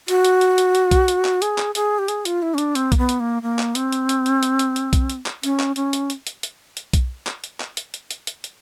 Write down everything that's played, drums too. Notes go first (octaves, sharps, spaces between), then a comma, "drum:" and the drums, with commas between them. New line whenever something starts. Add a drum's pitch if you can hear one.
F#4, drum: hi-hat
drum: hi-hat
drum: hi-hat
drum: hi-hat
drum: hi-hat
drum: kick B1, hi-hat
drum: hi-hat
drum: clap
G#4, drum: hi-hat
drum: clap
G#4, drum: hi-hat
G4
G#4, drum: hi-hat
F4, drum: hi-hat
E4
C#4
D4, drum: hi-hat
C4, drum: hi-hat
A#3, drum: kick B1, hi-hat
B3
drum: hi-hat
A#3
A#3
drum: clap
C4, drum: hi-hat
drum: hi-hat
drum: hi-hat
drum: hi-hat
drum: hi-hat
drum: hi-hat
drum: hi-hat
drum: kick B1, hi-hat
drum: hi-hat
drum: clap
C#4, drum: hi-hat
drum: clap
C#4, drum: hi-hat
drum: hi-hat
drum: hi-hat
drum: hi-hat
drum: hi-hat
drum: hi-hat
drum: kick B1, hi-hat
drum: clap
drum: hi-hat
drum: clap
drum: hi-hat
drum: hi-hat
drum: hi-hat
drum: hi-hat
drum: hi-hat